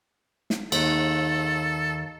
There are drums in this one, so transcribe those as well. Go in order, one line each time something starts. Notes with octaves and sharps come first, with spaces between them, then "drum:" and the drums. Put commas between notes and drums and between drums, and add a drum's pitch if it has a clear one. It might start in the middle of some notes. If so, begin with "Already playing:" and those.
drum: snare
D#2 A4, drum: cymbal